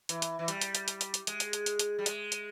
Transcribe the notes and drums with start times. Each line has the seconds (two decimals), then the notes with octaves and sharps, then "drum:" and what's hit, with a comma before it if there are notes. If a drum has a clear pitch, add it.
0.09 E3, drum: hi-hat
0.22 drum: hi-hat
0.39 E3
0.48 G3, drum: hi-hat
0.61 drum: hi-hat
0.75 drum: hi-hat
0.88 drum: hi-hat
1.01 drum: hi-hat
1.14 drum: hi-hat
1.27 G#3, drum: hi-hat
1.40 drum: hi-hat
1.53 drum: hi-hat
1.66 drum: hi-hat
1.79 drum: hi-hat
1.99 G3
2.06 G#3, drum: hi-hat
2.32 drum: hi-hat